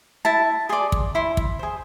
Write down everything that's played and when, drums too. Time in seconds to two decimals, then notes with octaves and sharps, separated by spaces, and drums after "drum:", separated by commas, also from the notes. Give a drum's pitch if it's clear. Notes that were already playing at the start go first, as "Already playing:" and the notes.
0.25 E4 A5
0.69 G#4 D5 C6
0.92 drum: kick
1.15 E4 C6
1.37 drum: kick
1.59 G#4 C5